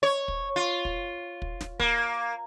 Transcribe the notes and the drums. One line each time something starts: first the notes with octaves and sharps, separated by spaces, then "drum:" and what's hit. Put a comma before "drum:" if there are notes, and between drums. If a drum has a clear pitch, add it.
C#5
drum: kick
F4
drum: kick
drum: kick
drum: snare
A#3, drum: kick